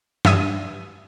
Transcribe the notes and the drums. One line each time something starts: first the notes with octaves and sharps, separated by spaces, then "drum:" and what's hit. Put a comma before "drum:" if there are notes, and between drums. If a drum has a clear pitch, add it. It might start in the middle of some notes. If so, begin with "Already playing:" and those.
G2 E5 G#5 D#6, drum: snare